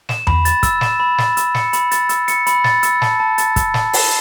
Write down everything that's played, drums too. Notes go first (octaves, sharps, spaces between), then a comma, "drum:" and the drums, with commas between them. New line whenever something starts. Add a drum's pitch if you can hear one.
E7, drum: snare
B5, drum: tom E2
A6, drum: hi-hat
E6, drum: kick, hi-hat
E7, drum: snare
B5
A6, drum: snare
E6, drum: hi-hat
C#7, drum: snare
B5, drum: hi-hat
A6, drum: hi-hat
E6, drum: hi-hat
C#7, drum: hi-hat
B5, drum: hi-hat
A6, drum: snare
E6, drum: hi-hat
A5, drum: snare
A5
A6, drum: hi-hat
E6, drum: kick, hi-hat
A5, drum: snare
A5, drum: open hi-hat